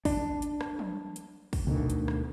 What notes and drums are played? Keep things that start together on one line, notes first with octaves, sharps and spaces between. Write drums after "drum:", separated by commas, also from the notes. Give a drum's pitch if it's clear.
D4, drum: kick, open hi-hat
drum: hi-hat
drum: rim click
drum: tom
drum: hi-hat
drum: kick, open hi-hat
D2 B2 D3 D#3
drum: hi-hat
drum: rim click